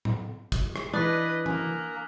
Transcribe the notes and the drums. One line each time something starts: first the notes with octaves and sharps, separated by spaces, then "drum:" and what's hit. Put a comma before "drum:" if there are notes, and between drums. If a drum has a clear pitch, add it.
drum: tom A2
drum: kick, hi-hat
drum: rim click
E3 D4 B4 D#5 D#6 F#6 B6
A#3 G#5, drum: tom E3